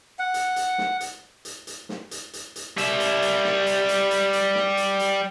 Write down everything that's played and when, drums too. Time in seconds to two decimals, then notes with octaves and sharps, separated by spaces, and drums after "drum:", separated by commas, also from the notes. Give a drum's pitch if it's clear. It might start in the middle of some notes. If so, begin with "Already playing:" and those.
0.19 F#5
0.34 drum: hi-hat
0.56 drum: hi-hat
0.78 drum: snare
1.00 drum: hi-hat
1.45 drum: hi-hat
1.67 drum: hi-hat
1.89 drum: snare
2.11 drum: hi-hat
2.33 drum: hi-hat
2.56 drum: hi-hat
2.78 G3 E5, drum: hi-hat
3.00 drum: hi-hat
3.22 drum: hi-hat
3.44 drum: snare
3.66 drum: hi-hat
3.89 drum: hi-hat
4.11 drum: hi-hat
4.33 drum: hi-hat
4.55 drum: snare
4.77 drum: hi-hat
4.99 drum: hi-hat